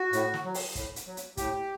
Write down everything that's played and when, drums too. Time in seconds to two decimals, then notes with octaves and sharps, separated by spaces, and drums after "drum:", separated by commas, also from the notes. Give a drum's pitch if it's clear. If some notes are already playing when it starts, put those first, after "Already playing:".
Already playing: F#4
0.13 A2, drum: hi-hat
0.34 drum: snare
0.45 F#3
0.54 drum: open hi-hat
0.75 A2, drum: kick, hi-hat
0.96 drum: hi-hat
1.07 F#3
1.17 drum: hi-hat
1.37 A2 G4, drum: kick, hi-hat